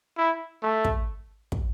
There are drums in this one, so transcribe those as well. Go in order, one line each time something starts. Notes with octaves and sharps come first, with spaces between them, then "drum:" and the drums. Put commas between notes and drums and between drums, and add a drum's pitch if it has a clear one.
E4
A3
drum: kick
drum: kick